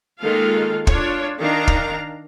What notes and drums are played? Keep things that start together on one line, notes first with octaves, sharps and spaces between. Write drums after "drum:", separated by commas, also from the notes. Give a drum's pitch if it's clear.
D#3 G#3 A#3 F4 A4 F5
D4 F4 C#5, drum: kick
D#3 D4 F5 A#5
drum: kick